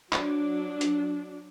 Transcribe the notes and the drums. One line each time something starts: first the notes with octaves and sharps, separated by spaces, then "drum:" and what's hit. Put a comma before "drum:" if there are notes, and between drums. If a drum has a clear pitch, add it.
F#3 D4, drum: clap
drum: hi-hat